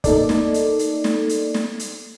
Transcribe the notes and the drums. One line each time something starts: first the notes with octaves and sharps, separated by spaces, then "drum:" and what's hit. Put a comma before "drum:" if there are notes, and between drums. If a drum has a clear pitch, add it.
A#3 D#4 A4 D5, drum: kick, hi-hat
drum: snare
drum: hi-hat
drum: hi-hat
drum: snare
drum: hi-hat
drum: snare
drum: hi-hat